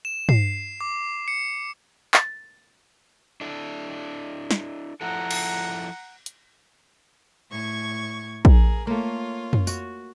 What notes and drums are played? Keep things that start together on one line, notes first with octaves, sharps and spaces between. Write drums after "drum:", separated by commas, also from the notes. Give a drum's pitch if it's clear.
E7
C7, drum: tom
D6
C#7
A6, drum: clap
D4 E4 A4
drum: snare
F3 E4 A4 F#5 A#5
drum: cymbal
drum: hi-hat
A2 C#6 G#6
G#4 A#4, drum: kick
A3 A#3 F4 C#5
drum: tom
F#4, drum: tambourine